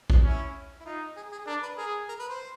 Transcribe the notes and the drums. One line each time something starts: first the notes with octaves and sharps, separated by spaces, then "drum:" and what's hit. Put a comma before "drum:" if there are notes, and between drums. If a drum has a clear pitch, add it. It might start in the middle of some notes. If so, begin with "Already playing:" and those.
drum: kick A#1
C#4 E4
E4
D#4 F4
G#4
G#4
D4 A#4
B4
G#4 A#4
A#4
B4
C5